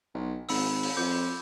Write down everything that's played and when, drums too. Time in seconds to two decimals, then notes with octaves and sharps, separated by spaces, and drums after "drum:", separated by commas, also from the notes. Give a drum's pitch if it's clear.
0.14 B1
0.49 G#1 B5 E6, drum: open hi-hat
0.83 drum: open hi-hat
0.97 F2 D6 G6